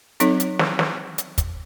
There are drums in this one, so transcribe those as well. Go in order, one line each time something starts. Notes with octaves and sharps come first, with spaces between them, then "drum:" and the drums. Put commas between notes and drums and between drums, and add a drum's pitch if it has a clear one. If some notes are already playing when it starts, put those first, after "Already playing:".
F#3 C4 D#4 A4 C#5, drum: hi-hat
drum: hi-hat
drum: snare
drum: snare
drum: hi-hat
drum: kick, hi-hat